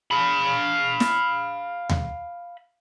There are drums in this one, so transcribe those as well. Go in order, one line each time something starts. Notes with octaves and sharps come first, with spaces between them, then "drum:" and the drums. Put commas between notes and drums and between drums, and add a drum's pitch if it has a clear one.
F5 B5
drum: snare
drum: tom D#2